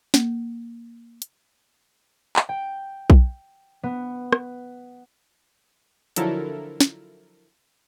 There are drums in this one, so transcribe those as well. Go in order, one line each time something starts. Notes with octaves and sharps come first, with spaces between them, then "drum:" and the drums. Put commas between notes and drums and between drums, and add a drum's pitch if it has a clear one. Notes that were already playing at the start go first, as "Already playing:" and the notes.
A#3, drum: snare
drum: hi-hat
drum: clap
G5
drum: kick B1
B3
drum: rim click
D3 F3 F#3 E4 A4 A#4, drum: hi-hat
drum: snare